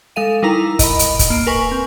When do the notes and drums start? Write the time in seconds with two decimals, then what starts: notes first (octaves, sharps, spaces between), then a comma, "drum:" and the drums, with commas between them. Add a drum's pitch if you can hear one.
0.16 G#3 A4 F5 D#7
0.42 G3 D#4 E4 A#4 A#5
0.79 D#5 B5, drum: kick, hi-hat
0.99 drum: hi-hat
1.19 drum: kick, hi-hat
1.30 A#3 D7
1.47 A#4 B4 G#5 C#6
1.72 C4